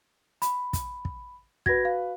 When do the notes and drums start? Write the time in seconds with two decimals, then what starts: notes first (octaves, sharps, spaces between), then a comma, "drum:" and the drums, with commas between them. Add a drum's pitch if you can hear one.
0.42 B5, drum: hi-hat
0.73 drum: kick, hi-hat
1.05 drum: kick
1.66 F#4 B4 G#6 A#6, drum: kick
1.85 F5